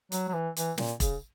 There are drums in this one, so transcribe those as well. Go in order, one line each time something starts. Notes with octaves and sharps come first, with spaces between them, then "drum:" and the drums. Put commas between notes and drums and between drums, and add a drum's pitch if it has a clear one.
F#3, drum: hi-hat
F#3
E3
E3, drum: hi-hat
A#2, drum: snare
C#3, drum: kick E1, hi-hat